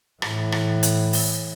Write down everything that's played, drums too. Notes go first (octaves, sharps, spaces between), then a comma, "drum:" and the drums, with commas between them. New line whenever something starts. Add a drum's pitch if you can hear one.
A2 E3, drum: rim click
drum: rim click
drum: hi-hat
drum: open hi-hat